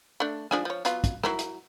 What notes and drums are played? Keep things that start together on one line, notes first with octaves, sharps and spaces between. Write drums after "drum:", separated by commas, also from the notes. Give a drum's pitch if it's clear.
A3 D4
F3 D4 G#4, drum: rim click
F3 C#5
F#3 B3 F4, drum: hi-hat
drum: kick, hi-hat
F#3 E4 A#4, drum: rim click
drum: hi-hat